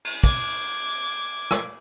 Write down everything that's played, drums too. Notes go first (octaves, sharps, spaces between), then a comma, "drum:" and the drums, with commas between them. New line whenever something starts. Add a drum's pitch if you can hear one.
drum: cymbal
D6 G#6, drum: kick
drum: rim click